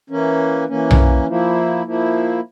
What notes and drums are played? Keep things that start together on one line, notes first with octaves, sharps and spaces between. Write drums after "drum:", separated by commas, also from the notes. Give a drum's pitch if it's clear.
E3 A#3 C#4
E3 A#3 C#4
drum: tom B1
F3 A#3 E4
F3 A#3 E4